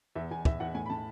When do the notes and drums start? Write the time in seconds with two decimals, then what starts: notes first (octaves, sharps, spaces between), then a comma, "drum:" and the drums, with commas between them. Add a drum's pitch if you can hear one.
0.15 E2 E5
0.31 E2 G#5
0.45 E2 E5, drum: kick
0.60 E2 F#5
0.75 A2 G#5
0.86 B5
0.90 A2 A5